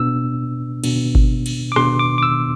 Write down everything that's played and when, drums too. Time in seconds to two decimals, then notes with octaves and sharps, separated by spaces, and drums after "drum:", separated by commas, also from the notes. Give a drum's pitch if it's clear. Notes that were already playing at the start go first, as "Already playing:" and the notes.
Already playing: B2 B3 D4 E6
0.84 B2 B3 D4, drum: cymbal
1.15 drum: kick G1
1.46 drum: cymbal
1.72 D6
1.76 B2 B3 D4 C6, drum: rim click
1.99 D6
2.18 D6
2.23 E6